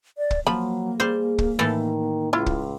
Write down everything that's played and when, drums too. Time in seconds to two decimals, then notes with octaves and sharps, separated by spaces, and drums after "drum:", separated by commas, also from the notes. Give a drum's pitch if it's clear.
0.18 D5
0.31 drum: kick
0.47 F3 F#3 A#3 B5
1.00 G3 G#4 C5
1.38 drum: kick
1.59 A2 D#3 E3 A4
2.33 C#2 E4 F4
2.46 drum: kick